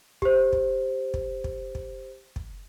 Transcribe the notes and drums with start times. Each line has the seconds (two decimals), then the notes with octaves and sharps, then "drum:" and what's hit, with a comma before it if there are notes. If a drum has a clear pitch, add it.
0.22 G4 C5, drum: kick
0.53 drum: kick
1.14 drum: kick
1.44 drum: kick
1.75 drum: kick
2.36 drum: kick